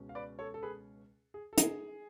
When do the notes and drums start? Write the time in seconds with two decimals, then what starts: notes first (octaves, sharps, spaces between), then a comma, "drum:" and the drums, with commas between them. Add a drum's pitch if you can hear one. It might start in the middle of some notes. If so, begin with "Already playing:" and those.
Already playing: C#2 B2 G#3 C#4
0.09 F5
0.15 B4 D5
0.39 A4 C#5
0.54 A4
0.63 G#4 B4
1.34 G#4
1.53 A4
1.58 G#4, drum: hi-hat